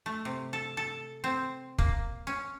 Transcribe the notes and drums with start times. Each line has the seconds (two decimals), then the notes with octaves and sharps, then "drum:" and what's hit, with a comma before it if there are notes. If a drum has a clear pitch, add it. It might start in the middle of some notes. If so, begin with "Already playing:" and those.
0.06 A3
0.25 C3
0.53 A4
0.77 A4
1.24 C4
1.79 A#3, drum: kick
2.27 C#4